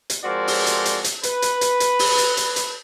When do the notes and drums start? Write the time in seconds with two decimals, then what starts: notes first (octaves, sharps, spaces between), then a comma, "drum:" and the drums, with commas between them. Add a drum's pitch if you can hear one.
0.10 drum: hi-hat
0.24 F3 G#3 C4 F#4 A#4 D5
0.48 drum: open hi-hat
0.66 drum: hi-hat
0.85 drum: hi-hat
1.04 drum: hi-hat
1.23 B4, drum: hi-hat
1.42 drum: hi-hat
1.61 drum: hi-hat
1.80 drum: hi-hat
1.99 drum: open hi-hat
2.18 drum: hi-hat
2.37 drum: hi-hat
2.56 drum: hi-hat